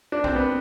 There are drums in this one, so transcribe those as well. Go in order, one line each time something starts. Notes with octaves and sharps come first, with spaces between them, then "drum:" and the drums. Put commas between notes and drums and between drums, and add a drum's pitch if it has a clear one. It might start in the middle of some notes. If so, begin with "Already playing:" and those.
D4
C4, drum: kick
B3